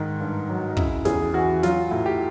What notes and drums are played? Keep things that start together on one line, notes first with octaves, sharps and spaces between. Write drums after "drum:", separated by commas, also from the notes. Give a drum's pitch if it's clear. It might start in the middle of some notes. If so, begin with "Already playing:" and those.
Already playing: G#2 D#3
G2
F#3
D#4
C#3 E4, drum: kick
E2 G#4, drum: snare
E3 F#4
F#3 F4, drum: snare
A2
G4